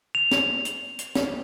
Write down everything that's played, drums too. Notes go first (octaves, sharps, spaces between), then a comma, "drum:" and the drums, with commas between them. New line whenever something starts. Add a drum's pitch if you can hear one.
F7
drum: snare
drum: hi-hat
drum: hi-hat
drum: snare